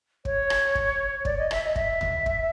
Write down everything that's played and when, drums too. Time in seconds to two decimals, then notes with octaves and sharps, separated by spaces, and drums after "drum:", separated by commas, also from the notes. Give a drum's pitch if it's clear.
0.25 C#5, drum: kick
0.50 drum: rim click
0.75 drum: kick
1.25 D5, drum: kick
1.38 D#5
1.51 E5, drum: rim click
1.64 D#5
1.76 E5, drum: kick
2.01 drum: tom D2
2.26 drum: kick